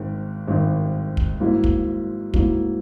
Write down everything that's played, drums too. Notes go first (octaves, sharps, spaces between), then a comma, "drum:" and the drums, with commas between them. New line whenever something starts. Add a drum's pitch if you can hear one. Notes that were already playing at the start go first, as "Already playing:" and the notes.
Already playing: G#1 G#2 D#3
G#1 G#2 D#3
drum: kick
G#2 F#3 A#3 E4
drum: kick
G#2 F#3 A#3 E4, drum: kick